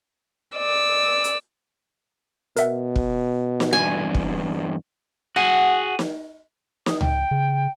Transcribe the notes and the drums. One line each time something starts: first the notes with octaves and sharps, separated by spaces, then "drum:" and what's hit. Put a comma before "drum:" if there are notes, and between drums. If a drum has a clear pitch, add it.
D5 E6
drum: hi-hat
B2 A#4 E5 F#5, drum: hi-hat
drum: kick
drum: snare
E2 G2 G#5
drum: kick
F#4 G#4 F#5
drum: snare
D#6, drum: snare
G5, drum: tom C#2
C#3